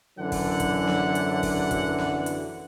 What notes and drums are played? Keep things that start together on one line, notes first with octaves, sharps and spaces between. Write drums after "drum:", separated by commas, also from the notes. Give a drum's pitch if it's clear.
F#2 D3 E3 F#3 F#5
drum: kick, open hi-hat
drum: kick, hi-hat
drum: snare
drum: hi-hat
drum: kick, open hi-hat
drum: kick, hi-hat
drum: snare
drum: hi-hat